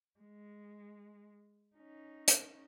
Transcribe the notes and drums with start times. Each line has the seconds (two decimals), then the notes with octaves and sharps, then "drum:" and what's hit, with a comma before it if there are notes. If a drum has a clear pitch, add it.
0.20 G#3
1.76 C#4 D#4
2.28 drum: hi-hat